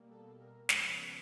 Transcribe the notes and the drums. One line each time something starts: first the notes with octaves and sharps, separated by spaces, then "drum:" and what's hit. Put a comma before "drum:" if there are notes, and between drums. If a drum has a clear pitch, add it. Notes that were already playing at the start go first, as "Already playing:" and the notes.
Already playing: B2 G3 A#3
A4
A#4
D#2 C#3 F3 G#3 B3 B4, drum: snare